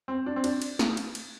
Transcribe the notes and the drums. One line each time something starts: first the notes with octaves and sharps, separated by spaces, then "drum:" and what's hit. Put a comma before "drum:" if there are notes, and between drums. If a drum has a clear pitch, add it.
C4
D4
C4
D4, drum: cymbal
drum: cymbal
drum: snare
drum: cymbal
drum: cymbal